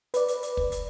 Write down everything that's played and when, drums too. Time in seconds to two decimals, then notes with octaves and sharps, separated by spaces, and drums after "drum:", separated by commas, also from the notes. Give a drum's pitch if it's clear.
0.14 B4 D5, drum: hi-hat
0.28 drum: hi-hat
0.43 drum: hi-hat
0.57 drum: kick
0.72 drum: hi-hat